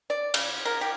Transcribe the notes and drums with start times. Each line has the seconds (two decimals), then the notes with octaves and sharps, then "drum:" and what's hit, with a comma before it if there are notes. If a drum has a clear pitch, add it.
0.10 D5
0.34 C#3, drum: cymbal
0.65 A#4
0.81 G4